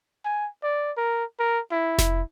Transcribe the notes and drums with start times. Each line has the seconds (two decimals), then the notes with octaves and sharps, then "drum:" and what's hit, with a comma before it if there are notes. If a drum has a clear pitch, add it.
0.24 G#5
0.63 D5
0.97 A#4
1.39 A#4
1.72 E4
1.99 drum: snare F1